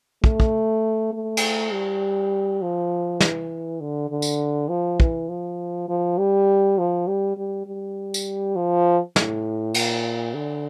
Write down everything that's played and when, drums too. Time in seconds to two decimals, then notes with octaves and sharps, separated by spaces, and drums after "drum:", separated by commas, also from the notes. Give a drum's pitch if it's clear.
0.24 A3, drum: kick
0.40 drum: kick
1.13 A3
1.37 drum: cymbal
1.72 G3
2.62 F3
3.20 E3, drum: snare
3.81 D3
4.10 D3
4.22 drum: tambourine
4.69 F3
5.00 E3, drum: kick
5.29 F3
5.88 F3
6.18 G3
6.78 F3
7.07 G3
7.37 G3
7.66 G3
8.14 drum: tambourine
8.56 F3
9.16 A2, drum: snare
9.74 A#2, drum: cymbal
10.34 D3